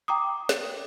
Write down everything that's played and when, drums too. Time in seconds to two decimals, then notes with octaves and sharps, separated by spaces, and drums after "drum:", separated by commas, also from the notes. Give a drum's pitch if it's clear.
0.08 G5 A#5 D6 D#6
0.49 drum: snare